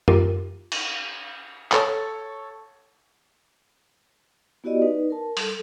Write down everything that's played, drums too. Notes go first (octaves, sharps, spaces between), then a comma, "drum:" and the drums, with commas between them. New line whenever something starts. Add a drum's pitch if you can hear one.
F4 G4 A#4, drum: tom F#2
drum: cymbal
A4 C#5, drum: clap
B3 E4 F#4 G4 D5 D#5
D#4 B4
A#4 A5
G3 A4, drum: open hi-hat